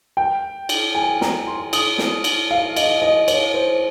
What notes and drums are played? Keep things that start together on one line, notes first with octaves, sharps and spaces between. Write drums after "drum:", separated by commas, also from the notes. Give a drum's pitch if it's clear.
G5
drum: cymbal
G#5
A#5, drum: snare
C6
D#6, drum: cymbal
drum: snare
drum: cymbal
F5
D#5, drum: cymbal
D#5
C#5, drum: cymbal
C5